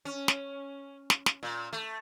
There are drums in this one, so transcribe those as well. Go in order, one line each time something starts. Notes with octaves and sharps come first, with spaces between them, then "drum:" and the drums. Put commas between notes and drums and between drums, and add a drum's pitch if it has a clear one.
C#4
drum: snare
drum: snare
drum: snare
A#2
A3